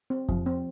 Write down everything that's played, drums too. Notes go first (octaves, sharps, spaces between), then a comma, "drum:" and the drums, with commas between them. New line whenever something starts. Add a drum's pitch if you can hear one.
C4
F3, drum: kick F2
C4